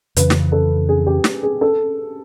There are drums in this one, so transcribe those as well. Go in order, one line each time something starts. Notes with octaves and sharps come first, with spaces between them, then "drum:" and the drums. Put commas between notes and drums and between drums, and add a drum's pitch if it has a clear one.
F2 C#3 E3 B4, drum: hi-hat
drum: snare
A4
G#4
G4
drum: snare
G#4
A4